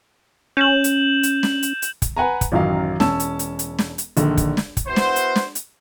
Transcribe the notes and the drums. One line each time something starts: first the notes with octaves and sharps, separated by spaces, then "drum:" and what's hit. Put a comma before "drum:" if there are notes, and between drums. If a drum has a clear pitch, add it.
C#4 G6 E7 F#7
drum: hi-hat
drum: hi-hat
drum: snare
drum: hi-hat
drum: hi-hat
drum: kick, hi-hat
B4 F#5 G#5 A#5
drum: kick, hi-hat
A1 F#2 D#3 F#3 F5
E1 C#4 A5 E6, drum: snare
drum: hi-hat
drum: hi-hat
drum: hi-hat
drum: snare
drum: hi-hat
A#1 D3 D#3, drum: hi-hat
drum: kick, hi-hat
drum: snare
drum: kick, hi-hat
B3 E4 F#4 C5
drum: snare
drum: hi-hat
drum: snare
drum: hi-hat